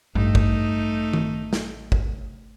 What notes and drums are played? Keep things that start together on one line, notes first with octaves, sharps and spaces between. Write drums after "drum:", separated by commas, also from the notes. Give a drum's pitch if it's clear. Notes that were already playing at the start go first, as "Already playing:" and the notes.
A1 G2 A3 D#4
drum: kick
drum: tom D#3
drum: snare
drum: kick